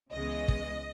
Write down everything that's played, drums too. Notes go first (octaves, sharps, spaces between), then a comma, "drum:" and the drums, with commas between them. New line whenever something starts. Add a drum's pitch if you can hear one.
C#2 C#3 E3 G#3 B3 D#5
drum: kick